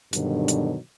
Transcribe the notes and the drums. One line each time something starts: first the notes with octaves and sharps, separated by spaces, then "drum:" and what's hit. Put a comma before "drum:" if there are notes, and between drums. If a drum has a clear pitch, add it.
G2 B2 D3 D#3 F#3, drum: hi-hat
drum: hi-hat